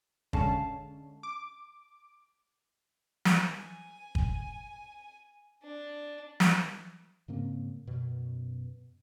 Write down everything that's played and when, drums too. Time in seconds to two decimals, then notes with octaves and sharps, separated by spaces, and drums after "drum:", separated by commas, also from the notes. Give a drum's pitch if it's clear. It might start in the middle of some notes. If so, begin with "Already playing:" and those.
0.33 D3 G#3 C#4 F5 A5, drum: kick
1.23 D6
3.25 drum: snare
3.52 G#5
4.15 drum: kick
5.63 D4
6.40 drum: snare
7.28 G#2 C#3 A#3 C4
7.87 F#2 B2